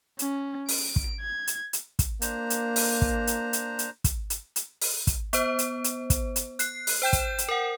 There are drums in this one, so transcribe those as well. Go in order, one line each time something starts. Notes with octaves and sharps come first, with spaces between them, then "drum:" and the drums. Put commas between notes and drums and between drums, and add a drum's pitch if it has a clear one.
C#4, drum: hi-hat
D7, drum: open hi-hat
drum: kick
G#6
drum: hi-hat
drum: hi-hat
drum: kick, hi-hat
A#3 D4 C5 A#5, drum: hi-hat
drum: hi-hat
drum: open hi-hat
drum: kick
drum: hi-hat
drum: hi-hat
drum: hi-hat
drum: kick, hi-hat
drum: hi-hat
drum: hi-hat
drum: open hi-hat
drum: kick, hi-hat
B3 C5, drum: hi-hat
drum: hi-hat
drum: hi-hat
drum: kick, hi-hat
drum: hi-hat
F#6 C7, drum: hi-hat
drum: open hi-hat
C5 G5 G6 E7
drum: kick, hi-hat
drum: hi-hat
A#4 F#5